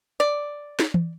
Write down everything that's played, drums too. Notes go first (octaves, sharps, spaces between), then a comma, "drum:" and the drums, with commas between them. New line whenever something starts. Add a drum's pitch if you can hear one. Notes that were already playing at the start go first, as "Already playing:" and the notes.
D5
drum: snare
drum: tom E3